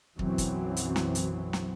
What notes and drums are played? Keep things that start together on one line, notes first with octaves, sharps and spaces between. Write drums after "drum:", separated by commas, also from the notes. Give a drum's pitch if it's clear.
B1 F#2 E3 F#3 C4, drum: kick
drum: kick, hi-hat
drum: hi-hat
drum: snare
drum: hi-hat
drum: snare